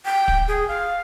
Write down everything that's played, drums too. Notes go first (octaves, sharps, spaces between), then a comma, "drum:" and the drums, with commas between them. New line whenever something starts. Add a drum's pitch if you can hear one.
G5
drum: kick
G#4
F5